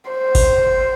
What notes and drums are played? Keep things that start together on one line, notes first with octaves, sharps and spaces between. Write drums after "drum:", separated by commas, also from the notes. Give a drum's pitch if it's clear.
C5
drum: kick G1, open hi-hat